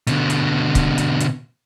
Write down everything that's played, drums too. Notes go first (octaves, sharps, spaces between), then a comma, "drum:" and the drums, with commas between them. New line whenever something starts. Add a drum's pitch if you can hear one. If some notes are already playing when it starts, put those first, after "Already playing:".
B2 D3, drum: hi-hat
drum: hi-hat
drum: kick, hi-hat
drum: hi-hat
drum: hi-hat